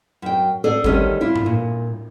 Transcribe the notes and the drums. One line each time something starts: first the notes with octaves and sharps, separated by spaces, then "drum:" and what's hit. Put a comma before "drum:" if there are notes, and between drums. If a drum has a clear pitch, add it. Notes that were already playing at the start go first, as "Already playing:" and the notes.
F#2 G5
G#4 A4 D5 F#5
D2 D#3 G3 C#4 A4 D#5, drum: kick G#1
D4 E4 F4
drum: tom G2
A#2